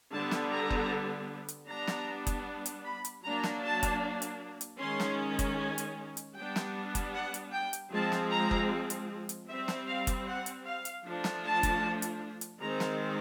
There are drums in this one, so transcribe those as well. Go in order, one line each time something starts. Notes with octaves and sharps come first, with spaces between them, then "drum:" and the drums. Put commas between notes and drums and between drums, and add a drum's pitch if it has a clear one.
D3 G3 B3 A5
drum: snare
A#5
drum: kick F#1
drum: hi-hat
G3 B3 D4 A#5
drum: snare
drum: kick F#1, hi-hat
drum: hi-hat
B5
drum: hi-hat
F#3 A#3 D4 A#5
drum: snare
A5
drum: kick F#1, hi-hat
drum: hi-hat
drum: hi-hat
D#3 G#3 C#4 C6
drum: snare
drum: kick F#1, hi-hat
G#5
drum: hi-hat
drum: hi-hat
G3 B3 D4 G5
drum: snare
drum: kick F#1, hi-hat
F#5
drum: hi-hat
G5
drum: hi-hat
F3 G#3 C4 A5
drum: snare
A#5
drum: kick F#1
drum: hi-hat
drum: hi-hat
G3 C4 E5
drum: snare
F5
drum: kick F#1, hi-hat
F#5
drum: hi-hat
F5
drum: hi-hat
F3 A3 D4
drum: snare
A5
drum: kick F#1, hi-hat
drum: hi-hat
drum: hi-hat
D#3 G#3 C4 A#5
drum: snare